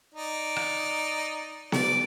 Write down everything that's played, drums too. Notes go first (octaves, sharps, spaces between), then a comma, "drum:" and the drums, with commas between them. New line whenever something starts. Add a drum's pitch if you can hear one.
D#4 D5
drum: rim click
D5, drum: snare B3